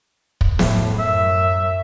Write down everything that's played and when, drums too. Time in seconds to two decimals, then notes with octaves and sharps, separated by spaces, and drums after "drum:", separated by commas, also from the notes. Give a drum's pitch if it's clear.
0.41 drum: kick
0.59 A2, drum: snare
0.99 F#2 E5